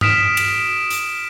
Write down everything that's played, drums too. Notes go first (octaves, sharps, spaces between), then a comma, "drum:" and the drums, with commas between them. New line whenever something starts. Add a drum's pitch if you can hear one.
D#6 F6 B6 D7 E7, drum: tom G2
drum: cymbal
drum: hi-hat